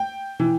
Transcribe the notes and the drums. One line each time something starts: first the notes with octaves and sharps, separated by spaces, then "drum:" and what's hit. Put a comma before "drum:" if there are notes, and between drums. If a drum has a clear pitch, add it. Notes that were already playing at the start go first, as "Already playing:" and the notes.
Already playing: G5
E3, drum: tom